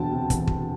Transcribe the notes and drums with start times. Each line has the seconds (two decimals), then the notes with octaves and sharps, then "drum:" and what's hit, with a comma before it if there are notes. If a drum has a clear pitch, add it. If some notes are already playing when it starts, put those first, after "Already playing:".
Already playing: E1 D2 E3 G5 A5
0.12 C3
0.30 E3, drum: kick, hi-hat
0.47 E1, drum: kick